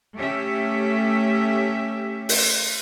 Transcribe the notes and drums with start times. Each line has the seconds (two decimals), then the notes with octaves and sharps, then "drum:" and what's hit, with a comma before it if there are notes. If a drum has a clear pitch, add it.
0.16 A3 C#4 G4 E5
2.29 drum: open hi-hat